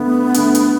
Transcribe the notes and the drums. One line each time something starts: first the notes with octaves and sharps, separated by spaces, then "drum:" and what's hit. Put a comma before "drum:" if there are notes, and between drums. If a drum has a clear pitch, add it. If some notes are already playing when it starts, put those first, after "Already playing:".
Already playing: G2 D3 A3 B3
G2 D3 A3, drum: hi-hat
drum: hi-hat